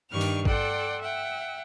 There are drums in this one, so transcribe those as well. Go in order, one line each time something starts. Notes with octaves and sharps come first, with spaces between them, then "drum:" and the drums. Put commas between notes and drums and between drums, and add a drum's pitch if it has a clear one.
G2 D#3 D4 G4 C#6 F6
drum: open hi-hat
A4 D5 F#5 G5 C6, drum: kick
E5 F#5 G5